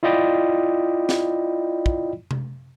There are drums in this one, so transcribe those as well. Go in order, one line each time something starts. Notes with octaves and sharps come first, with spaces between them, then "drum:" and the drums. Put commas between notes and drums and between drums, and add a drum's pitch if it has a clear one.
E4 F4 D5 D#5 G5 B5
drum: snare
drum: kick
drum: tom C3